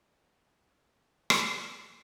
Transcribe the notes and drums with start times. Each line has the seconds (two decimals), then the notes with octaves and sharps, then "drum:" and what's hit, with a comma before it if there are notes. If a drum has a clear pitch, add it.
0.14 C5 F5
1.30 drum: rim click